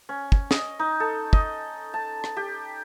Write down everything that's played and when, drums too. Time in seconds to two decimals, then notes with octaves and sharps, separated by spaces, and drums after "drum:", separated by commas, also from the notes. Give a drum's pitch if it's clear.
0.09 C#4
0.32 drum: kick
0.51 D#5, drum: snare
0.79 D#4
1.00 A4
1.33 D#5, drum: kick
1.94 A5
2.24 drum: rim click
2.37 G4